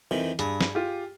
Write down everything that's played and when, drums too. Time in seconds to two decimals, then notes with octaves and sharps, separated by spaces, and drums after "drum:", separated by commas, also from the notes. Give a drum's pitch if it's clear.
0.11 F2 D#3 E3
0.39 G2 G#4, drum: hi-hat
0.61 drum: snare
0.75 F4 G4